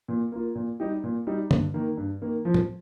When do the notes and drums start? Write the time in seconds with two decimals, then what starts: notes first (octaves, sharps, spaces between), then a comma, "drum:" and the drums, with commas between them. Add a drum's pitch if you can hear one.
0.08 A#2
0.32 A#3 F4
0.55 A#2
0.80 G3 D#4 G4
1.04 A#2
1.27 G3 D#4 G4
1.51 G2, drum: tom D3
1.74 D#3 A#3
1.97 G2
2.22 D#3 A#3
2.45 F3
2.54 drum: tom A2